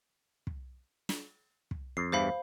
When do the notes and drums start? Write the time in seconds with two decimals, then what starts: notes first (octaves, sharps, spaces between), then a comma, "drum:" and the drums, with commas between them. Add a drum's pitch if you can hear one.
0.47 drum: kick
1.09 drum: snare
1.71 drum: kick
1.97 F2 C7
2.12 E2 G2 E3 C5 F5 B5